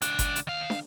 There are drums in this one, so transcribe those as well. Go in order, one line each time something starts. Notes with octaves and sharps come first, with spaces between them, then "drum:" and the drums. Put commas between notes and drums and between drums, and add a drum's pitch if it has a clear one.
C#2 D4, drum: hi-hat
drum: kick G1, hi-hat
drum: hi-hat
D#3 F5
drum: snare